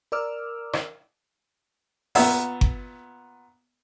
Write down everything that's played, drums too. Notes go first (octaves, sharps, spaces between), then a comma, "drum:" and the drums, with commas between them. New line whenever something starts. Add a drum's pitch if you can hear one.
A#4 D5 D6 E6 F6
drum: rim click
A#2 B3 E5, drum: open hi-hat
drum: kick G1